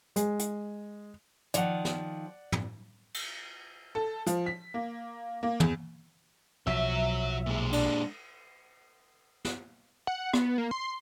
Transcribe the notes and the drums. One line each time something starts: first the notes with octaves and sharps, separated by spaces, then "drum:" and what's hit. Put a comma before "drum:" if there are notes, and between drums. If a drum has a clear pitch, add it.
G#3, drum: hi-hat
drum: hi-hat
D#3 F3 D5 F#5, drum: hi-hat
drum: snare
drum: tom
drum: cymbal
A4
F3, drum: hi-hat
B6
A#3
A#3
E2, drum: tom
B1 F3 F#3 F#4 C#5 E5
A#2 G#3
D4, drum: cymbal
drum: snare
F#5
B3, drum: rim click
A#3
C6